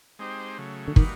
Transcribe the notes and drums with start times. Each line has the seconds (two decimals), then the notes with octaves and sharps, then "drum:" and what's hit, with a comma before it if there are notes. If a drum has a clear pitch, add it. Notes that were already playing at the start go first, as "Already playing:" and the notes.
0.19 G#3 C4 D#4 G4 C5
0.58 C#3 F#3 A3
0.88 D3
0.96 D#3 G3 A#3 D#4 F#4 B4, drum: kick